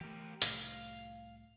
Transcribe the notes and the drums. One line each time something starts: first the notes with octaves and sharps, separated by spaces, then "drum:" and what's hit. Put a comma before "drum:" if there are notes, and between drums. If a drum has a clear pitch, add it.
E3 A3 G4 A#4
C2 A2 F3 F5, drum: hi-hat